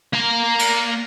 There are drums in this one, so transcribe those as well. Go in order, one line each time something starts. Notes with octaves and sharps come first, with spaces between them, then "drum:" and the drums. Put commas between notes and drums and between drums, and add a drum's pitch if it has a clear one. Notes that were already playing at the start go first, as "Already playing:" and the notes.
A#3 A#5
drum: cymbal